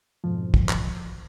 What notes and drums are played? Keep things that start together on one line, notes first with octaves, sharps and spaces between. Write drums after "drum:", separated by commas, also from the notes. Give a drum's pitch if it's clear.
F2 G#2 B2 F3
drum: kick
drum: clap